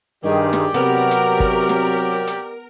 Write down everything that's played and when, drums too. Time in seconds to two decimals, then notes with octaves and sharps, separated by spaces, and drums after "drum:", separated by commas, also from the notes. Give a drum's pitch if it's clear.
0.24 G2 D#3 G4 G#4 D5
0.53 drum: snare
0.74 C3 F#3 B3 A#4
1.11 drum: hi-hat
1.40 drum: kick
1.69 drum: snare
2.27 drum: hi-hat